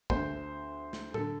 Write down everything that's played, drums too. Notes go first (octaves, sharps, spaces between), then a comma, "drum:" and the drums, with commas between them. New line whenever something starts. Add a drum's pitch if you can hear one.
D2 D3 C5, drum: kick
drum: snare
D3 A4, drum: tom A2